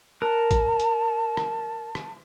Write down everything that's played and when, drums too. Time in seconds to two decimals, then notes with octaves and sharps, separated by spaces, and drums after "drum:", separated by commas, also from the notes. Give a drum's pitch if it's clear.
0.22 A#4 A5 F#6
0.51 drum: kick, hi-hat
0.80 drum: hi-hat
1.37 drum: rim click
1.95 drum: rim click